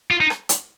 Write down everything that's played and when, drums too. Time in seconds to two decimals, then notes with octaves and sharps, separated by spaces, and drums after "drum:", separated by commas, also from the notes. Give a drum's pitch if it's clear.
0.11 F4
0.20 D#4
0.30 drum: rim click
0.49 drum: hi-hat